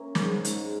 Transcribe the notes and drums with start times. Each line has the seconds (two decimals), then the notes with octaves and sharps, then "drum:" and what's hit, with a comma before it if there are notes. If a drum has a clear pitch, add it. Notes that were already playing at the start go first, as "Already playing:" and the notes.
Already playing: A#3 C#4 E5
0.15 G#2, drum: snare
0.45 G#2, drum: hi-hat